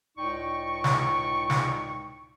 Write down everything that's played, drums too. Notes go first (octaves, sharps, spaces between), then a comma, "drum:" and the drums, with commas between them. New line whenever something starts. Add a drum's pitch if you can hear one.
C#2 A2 D#4 D5 G5 C#6
drum: snare
drum: snare